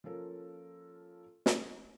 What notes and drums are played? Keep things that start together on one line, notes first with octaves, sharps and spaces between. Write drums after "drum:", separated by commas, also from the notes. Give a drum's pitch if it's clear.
F3 A#3 C#4 F4 A4 A#4
drum: snare